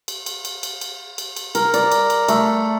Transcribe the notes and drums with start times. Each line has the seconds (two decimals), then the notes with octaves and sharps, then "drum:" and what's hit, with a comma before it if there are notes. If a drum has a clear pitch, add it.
0.08 drum: cymbal
0.26 drum: cymbal
0.45 drum: cymbal
0.63 drum: cymbal
0.81 drum: cymbal
1.18 drum: cymbal
1.36 drum: cymbal
1.55 A#4, drum: cymbal
1.74 D5, drum: cymbal
1.92 drum: cymbal
2.10 drum: cymbal
2.29 A3, drum: cymbal